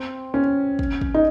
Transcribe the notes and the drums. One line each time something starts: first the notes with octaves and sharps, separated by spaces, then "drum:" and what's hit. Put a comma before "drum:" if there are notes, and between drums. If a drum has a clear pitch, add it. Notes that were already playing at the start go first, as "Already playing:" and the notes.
Already playing: C4
C#4
drum: kick
drum: kick
D#4